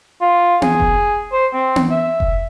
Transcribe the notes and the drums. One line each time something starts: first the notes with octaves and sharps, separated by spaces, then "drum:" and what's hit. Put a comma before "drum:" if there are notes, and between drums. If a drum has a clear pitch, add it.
F4
G#4, drum: tom B3
drum: kick F1
C5
C4
drum: tom B3
E5
drum: kick F1